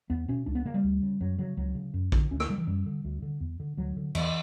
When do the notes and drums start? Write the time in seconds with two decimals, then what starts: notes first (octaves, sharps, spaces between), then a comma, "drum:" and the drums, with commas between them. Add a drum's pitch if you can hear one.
0.10 E2 B3
0.28 B2 C#4
0.46 C#2 D4
0.55 B3
0.65 C#3 A#3
0.74 G3
0.84 D2
1.02 C#3
1.21 F#2 F#3
1.38 C#3 F#3
1.57 C#2 F#3
1.75 C#3
1.94 F#2
2.12 D3, drum: kick
2.31 D2 C#4
2.40 A#3, drum: rim click
2.49 C#3 G3
2.58 E3
2.67 F#2 G3
2.86 D3
3.05 D2
3.22 D3
3.40 E2
3.60 D3
3.77 D2 F#3
3.97 D3
4.15 E2 E3, drum: cymbal